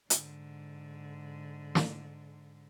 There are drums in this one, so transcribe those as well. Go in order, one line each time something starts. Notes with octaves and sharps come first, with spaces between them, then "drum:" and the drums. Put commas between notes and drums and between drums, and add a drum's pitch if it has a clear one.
G#2 D3, drum: hi-hat
drum: snare